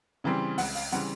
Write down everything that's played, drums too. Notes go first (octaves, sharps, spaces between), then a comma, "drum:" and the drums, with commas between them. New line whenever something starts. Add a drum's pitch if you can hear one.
C#3 E3 G3 C4
C#2 F#5, drum: open hi-hat
F5, drum: open hi-hat
C#3 E3 G3 C4 F#5, drum: hi-hat